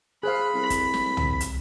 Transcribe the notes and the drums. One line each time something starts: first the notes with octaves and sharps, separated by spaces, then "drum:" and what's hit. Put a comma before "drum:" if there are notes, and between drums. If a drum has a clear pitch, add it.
G#4 C5 F5 B5 F#6
C2 B6
drum: kick, hi-hat
drum: snare
drum: tom
drum: hi-hat